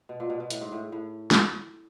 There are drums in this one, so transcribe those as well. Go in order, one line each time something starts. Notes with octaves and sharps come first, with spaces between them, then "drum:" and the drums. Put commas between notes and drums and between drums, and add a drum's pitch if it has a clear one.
B2
A#2
B2
B2
A2, drum: hi-hat
G#2
A2
A2
drum: snare